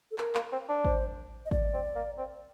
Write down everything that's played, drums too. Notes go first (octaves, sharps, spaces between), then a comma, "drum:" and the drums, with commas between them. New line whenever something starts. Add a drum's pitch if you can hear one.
A4
A#4, drum: clap
A#3, drum: clap
C4
D4
C5, drum: kick
D#5
D5, drum: kick
C4
A#3
C4